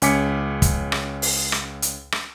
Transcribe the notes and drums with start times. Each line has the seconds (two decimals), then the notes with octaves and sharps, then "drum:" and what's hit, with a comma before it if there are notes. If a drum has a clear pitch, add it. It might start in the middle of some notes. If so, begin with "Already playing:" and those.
0.02 C#2 C#4 G#5 D6 B6 C#7, drum: hi-hat
0.62 drum: kick, hi-hat
0.92 drum: rim click
1.22 drum: open hi-hat
1.52 drum: rim click
1.82 drum: hi-hat
2.12 drum: rim click